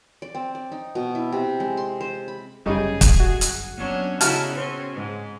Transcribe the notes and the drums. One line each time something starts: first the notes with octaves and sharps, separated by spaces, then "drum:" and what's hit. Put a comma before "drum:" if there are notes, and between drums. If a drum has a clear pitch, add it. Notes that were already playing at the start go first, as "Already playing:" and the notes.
D5
C4
D5
D#4
B2
E4
C3
G#3
C6
C5
B5
G1 F#2 C#3 G3 D#4 G#4
drum: kick, hi-hat
F#4
drum: hi-hat
F#3 A#3 B3 C#4 D4
C#3 D#4 E4 F#4 A5 F6, drum: hi-hat
C4 C#4
G#2